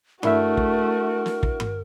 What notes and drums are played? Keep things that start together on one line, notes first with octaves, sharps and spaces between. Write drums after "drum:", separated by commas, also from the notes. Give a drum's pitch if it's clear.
A3 D4 E4 F#4 A#4 E5, drum: tom G2
drum: kick
drum: snare
drum: kick
drum: tom G2